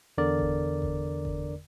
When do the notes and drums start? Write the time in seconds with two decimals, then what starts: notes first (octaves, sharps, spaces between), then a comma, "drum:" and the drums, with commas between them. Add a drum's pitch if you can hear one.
0.18 E2 D3 A#4 D5
0.39 drum: kick F#1
0.82 drum: kick F#1
1.25 drum: kick F#1